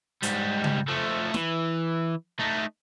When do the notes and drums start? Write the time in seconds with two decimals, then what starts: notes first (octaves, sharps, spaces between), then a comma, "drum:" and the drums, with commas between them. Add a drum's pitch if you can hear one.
0.23 G#2 G3, drum: hi-hat
0.64 drum: tom C#3
0.88 F3 A3
1.34 E3, drum: snare
2.39 A3 D#4